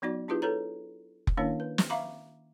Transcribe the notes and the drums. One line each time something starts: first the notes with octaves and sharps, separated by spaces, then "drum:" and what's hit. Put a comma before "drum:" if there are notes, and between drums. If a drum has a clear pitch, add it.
F#3 B3 D#4 F#4 D5
D4 E4 F4 G4 G#4 B4
A4 B4 C#5 A#5
drum: kick F1
D#3 A#3 C#4 D4 E4 C#5
B4
drum: snare
E5 F5 A#5 B5 C#6 D6